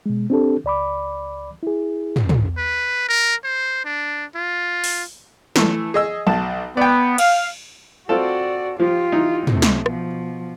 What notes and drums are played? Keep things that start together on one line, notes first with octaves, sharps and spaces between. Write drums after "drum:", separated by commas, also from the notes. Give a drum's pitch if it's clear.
B2 G#3
C4 D4 G4 A4
C#2 D5 B5 D6
E4 G#4
drum: tom
drum: tom
B4
A#4
C5
D4
F4
drum: open hi-hat
E3 A3, drum: snare
G#4 D#5 E6
B1 A5
B3 D5 G5
F5, drum: cymbal
C4 F4 F#4 A4 D5
F3 F4 G4
E3 D#4
C3 A3, drum: tom
drum: snare
B2 F3, drum: rim click